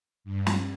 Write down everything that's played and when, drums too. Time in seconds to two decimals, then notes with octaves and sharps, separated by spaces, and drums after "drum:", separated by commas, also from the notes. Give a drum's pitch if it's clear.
0.24 G2
0.47 drum: snare